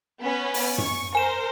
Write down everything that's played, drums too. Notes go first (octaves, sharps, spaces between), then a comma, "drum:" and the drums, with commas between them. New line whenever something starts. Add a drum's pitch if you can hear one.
B3 C#4 B4
drum: open hi-hat
C#6, drum: tom F#2
A#4 C5 G#5 E7